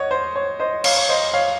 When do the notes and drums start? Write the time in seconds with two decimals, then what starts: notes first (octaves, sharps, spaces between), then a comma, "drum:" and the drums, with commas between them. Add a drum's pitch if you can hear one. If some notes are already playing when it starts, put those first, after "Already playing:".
Already playing: C#5 D#5 F#5
0.11 C5
0.36 C#5
0.60 C5 D#5
0.84 C#5 F5, drum: cymbal
0.97 C#5
1.09 C5 D#5
1.34 C#5 F5